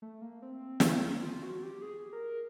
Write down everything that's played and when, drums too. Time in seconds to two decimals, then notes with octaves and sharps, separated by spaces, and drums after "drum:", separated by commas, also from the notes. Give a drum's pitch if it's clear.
0.02 A3
0.22 A#3
0.42 C4
0.80 drum: snare
1.22 F4
1.43 F#4
1.63 G4
1.82 G#4
2.13 A#4